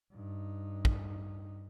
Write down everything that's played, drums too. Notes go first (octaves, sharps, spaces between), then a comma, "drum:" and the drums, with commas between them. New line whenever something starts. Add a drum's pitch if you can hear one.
G2 D#4
drum: kick